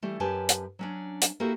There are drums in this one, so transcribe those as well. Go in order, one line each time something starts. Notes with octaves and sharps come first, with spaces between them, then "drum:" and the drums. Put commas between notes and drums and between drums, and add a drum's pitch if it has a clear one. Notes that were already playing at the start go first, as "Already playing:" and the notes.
E3 G3 A3
F#2 C#4 G4 B4 G#5 A5
drum: hi-hat
F#3 C#4 D4
drum: hi-hat
A#3 E4 F#4 G4 A4 A#4